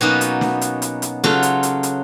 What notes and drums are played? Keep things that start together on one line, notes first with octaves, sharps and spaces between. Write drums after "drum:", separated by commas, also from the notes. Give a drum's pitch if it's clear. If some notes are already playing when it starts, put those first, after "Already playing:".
B2 F#3 A#3 B3 C#4 D#4
drum: hi-hat
drum: snare
drum: hi-hat
drum: hi-hat
drum: hi-hat
C#3 F#3 F4 A4, drum: snare
drum: hi-hat
drum: hi-hat
drum: hi-hat